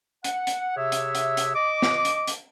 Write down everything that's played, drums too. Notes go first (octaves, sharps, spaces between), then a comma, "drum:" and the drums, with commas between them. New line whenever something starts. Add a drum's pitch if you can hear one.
F#5, drum: hi-hat
drum: hi-hat
C3 G#4 C#5 E5
drum: hi-hat
drum: hi-hat
drum: hi-hat
D#5 D6
drum: snare
drum: hi-hat
drum: hi-hat